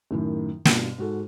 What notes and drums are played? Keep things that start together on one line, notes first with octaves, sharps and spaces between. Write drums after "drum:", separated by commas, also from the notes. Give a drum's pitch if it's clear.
F#2 A2 D#3
G2 B2, drum: snare
G#2 F#4 A4